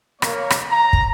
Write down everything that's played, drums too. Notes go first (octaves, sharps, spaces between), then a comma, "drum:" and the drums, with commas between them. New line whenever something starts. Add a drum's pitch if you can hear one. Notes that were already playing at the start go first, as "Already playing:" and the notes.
A#3 C#5, drum: rim click
drum: rim click
A#5
drum: kick